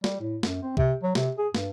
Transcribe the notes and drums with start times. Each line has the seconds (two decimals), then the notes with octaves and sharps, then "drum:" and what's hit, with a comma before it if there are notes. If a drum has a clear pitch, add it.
0.04 G3, drum: snare
0.20 A2
0.43 F#2, drum: snare
0.63 C4
0.77 C3, drum: kick
1.03 F#3
1.15 C3, drum: snare
1.38 G#4
1.55 G2, drum: snare